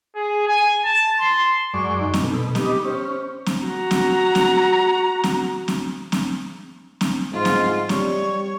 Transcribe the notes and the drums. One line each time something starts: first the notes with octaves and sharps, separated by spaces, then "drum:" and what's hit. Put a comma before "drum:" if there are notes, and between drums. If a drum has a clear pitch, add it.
G#4
G#5
A5
C6
F#2 G#3 D5 C#6
D#4
drum: snare
B2 A4
B3 D#4 G4, drum: snare
C#4 C5
drum: snare
F#4 A#5
drum: snare
drum: snare
drum: snare
drum: snare
drum: snare
drum: snare
G#2 F4
drum: snare
G3 C#5, drum: snare